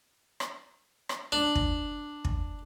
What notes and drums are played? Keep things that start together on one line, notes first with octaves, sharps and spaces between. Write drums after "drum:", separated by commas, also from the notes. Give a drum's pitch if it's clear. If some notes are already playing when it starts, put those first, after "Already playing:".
drum: rim click
drum: rim click
D4
drum: kick
drum: kick